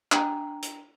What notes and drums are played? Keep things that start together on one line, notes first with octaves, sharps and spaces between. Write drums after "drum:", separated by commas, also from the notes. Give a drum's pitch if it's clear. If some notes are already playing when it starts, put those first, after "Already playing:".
D4 G5 A#5, drum: clap
drum: hi-hat